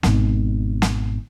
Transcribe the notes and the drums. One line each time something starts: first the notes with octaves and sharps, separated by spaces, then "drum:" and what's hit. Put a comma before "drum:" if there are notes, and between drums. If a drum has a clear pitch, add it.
G#1 B2, drum: snare
drum: snare